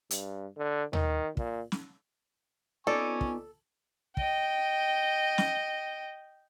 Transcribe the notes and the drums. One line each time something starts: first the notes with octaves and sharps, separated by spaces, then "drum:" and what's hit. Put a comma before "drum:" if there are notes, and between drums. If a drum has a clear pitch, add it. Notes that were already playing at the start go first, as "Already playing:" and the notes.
G2, drum: hi-hat
D3
D#3, drum: tom D#2
A#2, drum: kick
drum: snare
B3 C4 D#4 F4 A4 D5 G#5 C#6
drum: kick
D#5 G5, drum: kick
drum: snare